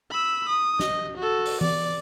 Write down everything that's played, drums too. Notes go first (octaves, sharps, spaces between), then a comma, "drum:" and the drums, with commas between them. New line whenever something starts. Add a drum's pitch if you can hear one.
B5 E6
D#6
D#5, drum: snare
F#4 A4
drum: open hi-hat
D5, drum: tom E3